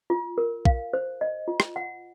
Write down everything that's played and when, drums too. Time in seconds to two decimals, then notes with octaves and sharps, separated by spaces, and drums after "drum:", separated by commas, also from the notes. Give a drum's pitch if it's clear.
0.10 F4
0.38 A#4
0.65 F5, drum: kick
0.93 C5
1.21 D#5
1.48 F4
1.60 drum: rim click
1.76 F#5